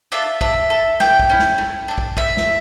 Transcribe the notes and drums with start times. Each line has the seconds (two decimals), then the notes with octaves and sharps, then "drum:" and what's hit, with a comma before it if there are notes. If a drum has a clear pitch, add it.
0.12 D4 F4 A4 E5
0.41 D4 E5, drum: kick
0.70 A4
1.00 A#3 G5, drum: snare
1.19 drum: kick
1.30 C#4 E4
1.39 drum: snare
1.58 A3
1.88 D4 A4
1.98 drum: kick
2.17 A3 E5, drum: kick
2.37 drum: snare